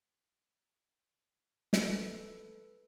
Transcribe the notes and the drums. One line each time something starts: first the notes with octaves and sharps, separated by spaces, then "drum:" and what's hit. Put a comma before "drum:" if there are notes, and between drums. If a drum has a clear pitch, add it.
A4 B4, drum: snare